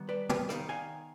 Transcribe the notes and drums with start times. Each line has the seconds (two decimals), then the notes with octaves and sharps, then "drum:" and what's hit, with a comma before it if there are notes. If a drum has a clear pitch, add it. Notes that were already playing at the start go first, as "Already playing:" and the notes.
Already playing: D#3 G3 B3
0.09 B4 D5
0.29 G4 B4, drum: tom
0.49 D#3 B3 D#4 D5 F5, drum: rim click
0.69 F5 G#5